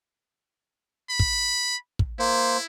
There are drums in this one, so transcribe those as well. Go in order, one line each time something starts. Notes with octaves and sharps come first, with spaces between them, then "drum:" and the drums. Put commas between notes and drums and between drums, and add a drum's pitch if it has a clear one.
B5
drum: kick
drum: kick
A#3 E4 C5